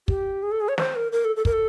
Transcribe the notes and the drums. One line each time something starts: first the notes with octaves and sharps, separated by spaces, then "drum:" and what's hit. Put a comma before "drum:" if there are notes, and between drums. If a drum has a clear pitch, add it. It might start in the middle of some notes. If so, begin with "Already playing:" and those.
G4, drum: kick
G#4
A4
G#4
C#5
C5, drum: snare
A#4
A#4
A4
A4
A#4, drum: kick
A4